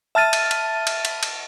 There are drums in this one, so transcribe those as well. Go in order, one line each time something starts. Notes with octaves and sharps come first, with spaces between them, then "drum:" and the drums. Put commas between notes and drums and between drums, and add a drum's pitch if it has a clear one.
E5 A5 F6 A6 D#7
drum: cymbal
drum: cymbal
drum: cymbal
drum: cymbal
drum: cymbal